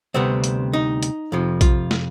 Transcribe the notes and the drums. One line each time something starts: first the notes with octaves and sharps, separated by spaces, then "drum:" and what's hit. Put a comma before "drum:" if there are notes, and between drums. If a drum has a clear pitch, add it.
D2 C3 G3 B3 C4
drum: hi-hat
D#4
drum: hi-hat
F2 C3 F3
F4, drum: kick A#1, hi-hat
drum: snare